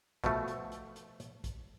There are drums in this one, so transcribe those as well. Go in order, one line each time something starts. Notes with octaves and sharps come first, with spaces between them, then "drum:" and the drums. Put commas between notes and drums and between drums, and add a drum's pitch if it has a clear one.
B2 F3 A3, drum: kick, hi-hat
drum: hi-hat
drum: hi-hat
drum: hi-hat
drum: hi-hat
drum: kick, hi-hat